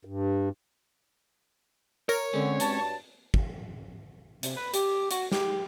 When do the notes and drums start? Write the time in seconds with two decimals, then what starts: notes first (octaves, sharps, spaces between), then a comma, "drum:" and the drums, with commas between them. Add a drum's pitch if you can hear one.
0.05 G2
2.09 A#4 C#5, drum: tambourine
2.33 D3 G#3 C4 C#4
2.60 G2 F#3 A5, drum: hi-hat
3.34 drum: kick
4.43 C3, drum: hi-hat
4.56 B4
4.74 G4, drum: hi-hat
5.11 F#4, drum: hi-hat
5.32 G4, drum: snare